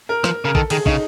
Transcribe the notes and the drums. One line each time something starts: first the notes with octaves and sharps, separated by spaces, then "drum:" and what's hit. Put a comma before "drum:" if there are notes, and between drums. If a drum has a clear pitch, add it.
A#4
F3, drum: rim click
C#3 A#4
D#3 A4, drum: kick
D#3 G#4, drum: cymbal
C#3 D#4, drum: kick